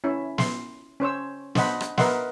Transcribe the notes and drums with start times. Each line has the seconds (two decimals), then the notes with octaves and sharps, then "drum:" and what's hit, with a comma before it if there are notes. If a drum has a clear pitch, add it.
0.04 C#4 E4 E5
0.38 C6, drum: snare
1.00 C#4 C5 C#5 E6
1.55 D4 C5 D#5 F#5 B5, drum: snare
1.81 drum: rim click
1.98 A#4 B4 D#5 E5 F#5 C6, drum: snare